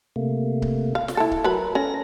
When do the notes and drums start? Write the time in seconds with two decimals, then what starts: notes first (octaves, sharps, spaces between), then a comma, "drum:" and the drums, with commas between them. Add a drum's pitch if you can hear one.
0.16 C3 A3 A#3
0.62 drum: kick C#1
0.95 F5
1.08 drum: snare
1.17 E4 A4
1.31 drum: kick C#1
1.44 F#3 A#4 B4 B5
1.75 C#4 A4 A#6